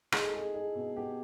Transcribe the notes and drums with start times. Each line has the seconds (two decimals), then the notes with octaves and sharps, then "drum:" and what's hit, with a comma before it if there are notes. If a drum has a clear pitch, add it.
0.12 D#4 G#4, drum: rim click
0.24 A4
0.34 D#4 G#4
0.54 D#4 G#4
0.75 B2
0.96 B3 G4